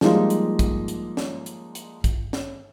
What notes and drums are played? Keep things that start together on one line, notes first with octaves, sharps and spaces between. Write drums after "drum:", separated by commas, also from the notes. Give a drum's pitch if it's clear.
F3 G3 G#3 A#3 D#4 F4, drum: snare
drum: hi-hat
drum: kick, hi-hat
drum: hi-hat
drum: snare
drum: hi-hat
drum: hi-hat
drum: kick, hi-hat
drum: snare